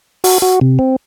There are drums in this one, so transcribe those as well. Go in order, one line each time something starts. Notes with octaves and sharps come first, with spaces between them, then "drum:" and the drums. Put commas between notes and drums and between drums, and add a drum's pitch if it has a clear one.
F#4, drum: open hi-hat
F#4
C3
C4